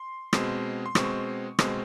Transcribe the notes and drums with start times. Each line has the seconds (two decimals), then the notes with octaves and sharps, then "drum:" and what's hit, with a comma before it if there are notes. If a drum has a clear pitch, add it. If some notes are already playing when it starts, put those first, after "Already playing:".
Already playing: C6
0.33 B2 G#3 C4, drum: rim click
0.86 C6
0.95 B2 G#3 C4 C#6, drum: rim click
1.59 B2 G#3 C4, drum: rim click